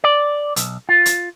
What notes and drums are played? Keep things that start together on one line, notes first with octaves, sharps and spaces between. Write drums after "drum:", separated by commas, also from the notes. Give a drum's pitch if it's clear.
D5
B1, drum: hi-hat
F4
drum: hi-hat